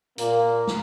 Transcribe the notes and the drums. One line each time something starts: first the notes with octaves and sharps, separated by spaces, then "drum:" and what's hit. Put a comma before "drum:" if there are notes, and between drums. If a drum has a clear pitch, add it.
A#2 A#3, drum: hi-hat
drum: snare